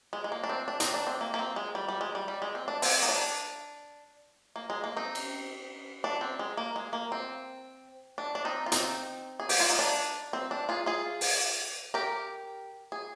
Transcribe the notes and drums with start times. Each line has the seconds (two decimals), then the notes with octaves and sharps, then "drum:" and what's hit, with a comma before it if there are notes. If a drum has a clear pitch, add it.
0.13 G#3
0.24 G#3
0.32 A#3
0.44 D4
0.49 C4
0.68 D4
0.80 C4 D#4, drum: hi-hat
0.94 D4
1.07 C4
1.21 A#3
1.34 A#3
1.39 C4
1.56 G#3
1.75 G3
1.88 G3
2.01 G#3
2.15 G3
2.28 G3
2.42 G#3
2.55 C4
2.68 D4
2.82 C4, drum: open hi-hat
3.03 D#4
3.09 D4
4.56 A#3
4.70 G#3
4.84 A#3
4.97 C4 D#4
5.15 drum: cymbal
6.04 D4
6.21 C4
6.39 G#3
6.57 A#3
6.76 G#3
6.93 A#3
7.12 C4
8.18 D4
8.35 D4
8.45 C4 D#4
8.66 F4
8.72 C4 D#4, drum: hi-hat
9.40 G#4
9.49 G4, drum: open hi-hat
9.60 F4
9.70 D#4
9.79 D4
10.33 C4
10.51 D4
10.69 F4 G#4
10.86 F4 G#4
11.21 drum: open hi-hat
11.94 G4 A#4
12.92 G#4